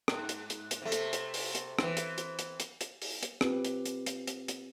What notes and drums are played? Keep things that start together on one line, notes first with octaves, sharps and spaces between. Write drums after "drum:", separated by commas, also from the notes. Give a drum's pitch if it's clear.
G#2, drum: rim click
drum: hi-hat
drum: hi-hat
drum: hi-hat
C3 A3
drum: hi-hat
drum: hi-hat
drum: open hi-hat
drum: hi-hat
E3 C4, drum: rim click
drum: hi-hat
drum: hi-hat
drum: hi-hat
drum: hi-hat
drum: hi-hat
drum: open hi-hat
drum: hi-hat
C4 F4 G4 B4, drum: rim click
drum: hi-hat
drum: hi-hat
drum: hi-hat
drum: hi-hat
drum: hi-hat